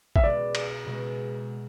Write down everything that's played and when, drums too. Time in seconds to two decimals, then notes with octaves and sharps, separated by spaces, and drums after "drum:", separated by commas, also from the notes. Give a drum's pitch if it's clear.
0.16 E5, drum: kick A1
0.24 B2 G#3 B3 D5
0.55 drum: cymbal
0.86 B2 G#3 B3